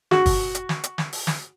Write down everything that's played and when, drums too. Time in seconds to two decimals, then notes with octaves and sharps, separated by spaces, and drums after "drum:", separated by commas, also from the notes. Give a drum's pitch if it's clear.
0.11 F#4, drum: snare
0.26 drum: kick, open hi-hat
0.55 drum: hi-hat
0.69 drum: snare
0.84 drum: hi-hat
0.98 drum: snare
1.13 drum: open hi-hat
1.27 drum: snare